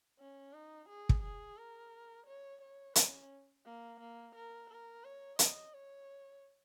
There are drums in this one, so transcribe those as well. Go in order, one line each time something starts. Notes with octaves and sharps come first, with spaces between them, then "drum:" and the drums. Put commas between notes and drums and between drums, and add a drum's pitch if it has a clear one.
C#4
D#4
G#4
drum: kick
G#4
A#4
C#5
C#5
C#4, drum: hi-hat
A#3
A#3
A#4
A#4
C#5
D#5, drum: hi-hat
C#5